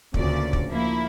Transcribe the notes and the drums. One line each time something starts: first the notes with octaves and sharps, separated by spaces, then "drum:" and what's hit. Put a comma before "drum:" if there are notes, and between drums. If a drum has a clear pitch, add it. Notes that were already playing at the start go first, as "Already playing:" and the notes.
D2 A#2 C#3 D5, drum: kick
drum: kick
F3 A#3 E4